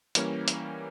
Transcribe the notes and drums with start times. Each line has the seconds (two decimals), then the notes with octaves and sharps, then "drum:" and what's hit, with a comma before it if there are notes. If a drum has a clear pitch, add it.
0.15 E3 G3 A#3 C#4, drum: hi-hat
0.48 drum: hi-hat